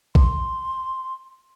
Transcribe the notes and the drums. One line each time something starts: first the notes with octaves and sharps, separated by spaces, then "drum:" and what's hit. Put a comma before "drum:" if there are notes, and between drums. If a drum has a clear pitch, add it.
C6, drum: kick A#1